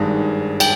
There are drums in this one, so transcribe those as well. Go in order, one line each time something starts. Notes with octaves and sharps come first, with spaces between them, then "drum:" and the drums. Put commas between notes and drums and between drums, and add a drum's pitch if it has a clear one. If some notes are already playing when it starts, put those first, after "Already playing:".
Already playing: G#1 G2 D#3 G#3
G5, drum: cymbal